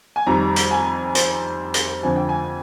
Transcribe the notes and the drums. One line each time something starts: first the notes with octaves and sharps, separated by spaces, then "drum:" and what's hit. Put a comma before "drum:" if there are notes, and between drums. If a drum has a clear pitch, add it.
G#5
F2 D#3 G3 A#5
drum: hi-hat
G#5
C5, drum: hi-hat
drum: hi-hat
F2 D3 F3 G#5
G5
G#5